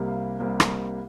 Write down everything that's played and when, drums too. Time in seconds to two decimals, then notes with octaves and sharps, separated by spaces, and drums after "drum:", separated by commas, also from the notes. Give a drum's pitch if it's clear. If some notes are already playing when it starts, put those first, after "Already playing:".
Already playing: C2 C3 G3 A#3
0.08 F5
0.40 C2 C3 G3 A#3
0.60 drum: rim click